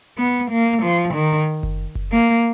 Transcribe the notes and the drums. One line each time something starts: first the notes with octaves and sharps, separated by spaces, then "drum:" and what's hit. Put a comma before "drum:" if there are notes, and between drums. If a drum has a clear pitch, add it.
B3
A#3
F3
D#3
drum: kick F#1
drum: kick F#1
A#3